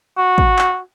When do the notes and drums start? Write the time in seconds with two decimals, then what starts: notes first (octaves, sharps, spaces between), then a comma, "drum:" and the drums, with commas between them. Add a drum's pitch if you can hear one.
0.17 F#4
0.38 drum: kick
0.59 drum: clap